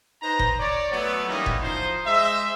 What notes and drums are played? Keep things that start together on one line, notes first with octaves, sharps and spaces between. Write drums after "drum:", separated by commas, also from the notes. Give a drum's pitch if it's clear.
D#4 B4 C5 A#5
drum: kick F#1
C#5 D5
F#3 A3 B3
E3 G3 A#3 B3 C#4 D#4
drum: kick F#1
F3 D#4 C5
G#3 C5 D#5 E5